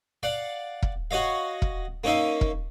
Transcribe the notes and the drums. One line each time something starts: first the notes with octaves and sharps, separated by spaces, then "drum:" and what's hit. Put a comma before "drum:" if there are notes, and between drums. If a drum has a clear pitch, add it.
D5 F5 F#5
drum: kick E1
F#4 C#5 D#5 F5
drum: kick E1
A#3 C#4 D#4 E5 F5
drum: kick E1